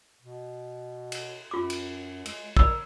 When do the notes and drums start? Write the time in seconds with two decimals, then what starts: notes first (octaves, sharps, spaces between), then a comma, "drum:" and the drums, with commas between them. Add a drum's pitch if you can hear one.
0.22 B2
1.12 drum: cymbal
1.51 F#2 F4 D6
1.70 drum: cymbal
2.25 G#3, drum: cymbal
2.57 A#4 D5 B5 E6, drum: kick